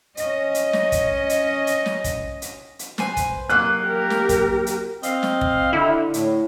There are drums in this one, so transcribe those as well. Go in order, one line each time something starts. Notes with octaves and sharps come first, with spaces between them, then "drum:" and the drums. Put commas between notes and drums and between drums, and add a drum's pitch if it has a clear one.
C#4 D#5, drum: hi-hat
drum: hi-hat
drum: snare
drum: kick, hi-hat
drum: hi-hat
drum: hi-hat
drum: snare
drum: kick, hi-hat
drum: hi-hat
drum: hi-hat
B4 C5 G#5, drum: snare
drum: kick, hi-hat
F#3 A#3 D#5 F#6
G4 A#4
drum: snare
drum: kick, hi-hat
drum: hi-hat
C4 D#5 F5, drum: hi-hat
drum: snare
drum: kick
D3 E4
A2, drum: hi-hat